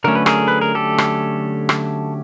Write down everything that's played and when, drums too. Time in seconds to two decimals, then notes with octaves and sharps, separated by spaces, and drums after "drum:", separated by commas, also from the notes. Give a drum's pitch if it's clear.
0.04 D3 F#3 A3 C#4 A#4
0.15 B4
0.26 G#4 A#4, drum: rim click
0.48 B4
0.61 A#4
0.75 G4 A4
0.98 drum: rim click
1.69 drum: rim click